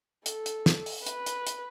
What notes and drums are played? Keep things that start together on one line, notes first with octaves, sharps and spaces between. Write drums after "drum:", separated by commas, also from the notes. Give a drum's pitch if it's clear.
A4, drum: hi-hat
drum: hi-hat
drum: snare
drum: open hi-hat
B4, drum: hi-hat
drum: hi-hat
drum: hi-hat